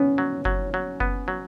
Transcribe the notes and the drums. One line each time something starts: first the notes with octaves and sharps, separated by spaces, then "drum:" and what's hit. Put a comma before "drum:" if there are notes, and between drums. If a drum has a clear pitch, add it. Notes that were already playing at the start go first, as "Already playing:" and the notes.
Already playing: B3 C#4
F#3
F#3, drum: kick F#1
F#3
B3, drum: kick F#1
F#3